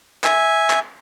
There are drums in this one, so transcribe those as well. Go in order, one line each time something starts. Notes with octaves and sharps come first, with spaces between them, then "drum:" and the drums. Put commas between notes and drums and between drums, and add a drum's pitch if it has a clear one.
E5 G#5, drum: clap
drum: clap